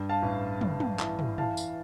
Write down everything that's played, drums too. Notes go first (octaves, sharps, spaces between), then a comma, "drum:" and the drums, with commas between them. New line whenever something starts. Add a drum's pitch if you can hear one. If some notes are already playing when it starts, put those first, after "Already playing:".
Already playing: G2
F5 A5
A1
A1, drum: tom
drum: tom
E3, drum: clap
drum: tom
E3 F5 A5, drum: tom
drum: tambourine